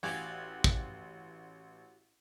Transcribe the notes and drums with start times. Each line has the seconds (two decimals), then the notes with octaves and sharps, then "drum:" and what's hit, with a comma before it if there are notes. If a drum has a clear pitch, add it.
0.03 A1 F#4 G4 F5 G#5
0.64 drum: kick